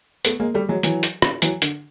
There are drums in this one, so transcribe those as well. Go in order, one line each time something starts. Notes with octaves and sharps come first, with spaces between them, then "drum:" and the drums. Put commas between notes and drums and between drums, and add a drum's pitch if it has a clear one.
A3 B3, drum: hi-hat
G#3 A#3
G3 A3
F#3 G#3
E3 F#3, drum: hi-hat
drum: hi-hat
drum: rim click
E3 F#3, drum: hi-hat
D3, drum: hi-hat